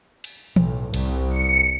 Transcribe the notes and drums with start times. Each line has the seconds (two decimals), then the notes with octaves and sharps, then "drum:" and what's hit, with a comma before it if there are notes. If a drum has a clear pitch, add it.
0.24 drum: cymbal
0.56 B1 A2, drum: tom
0.94 C2, drum: cymbal
1.30 C#7